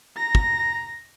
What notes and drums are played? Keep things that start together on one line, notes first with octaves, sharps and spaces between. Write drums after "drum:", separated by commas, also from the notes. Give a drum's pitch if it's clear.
A#5 A#6
drum: kick